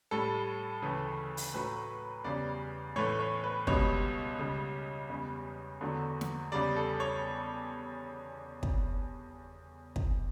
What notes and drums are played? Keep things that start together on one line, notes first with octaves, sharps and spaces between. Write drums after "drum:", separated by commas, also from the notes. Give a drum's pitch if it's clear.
A2 G3 A4
D2 C#3 E3 A3
drum: open hi-hat
A2 F#3 A3 B4
E2 C#3 G3 D5
A2 E3 A3 C#5
C#5
B4
C#2 B2 G3 C#5, drum: kick
C#2 C#3 G3
E2 C#3 G3
E2 D3 F#3 A3
drum: snare
E2 C#3 G3 D5
A4
C#5
drum: kick
drum: kick